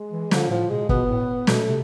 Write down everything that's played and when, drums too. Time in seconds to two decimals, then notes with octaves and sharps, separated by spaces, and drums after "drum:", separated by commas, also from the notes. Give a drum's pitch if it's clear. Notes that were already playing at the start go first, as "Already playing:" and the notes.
Already playing: G#3
0.12 E3
0.31 D3 F3, drum: snare
0.50 A2 F3
0.70 B2 G#3
0.89 B2 B3, drum: kick
1.09 A2
1.47 B2 A3, drum: snare
1.68 C3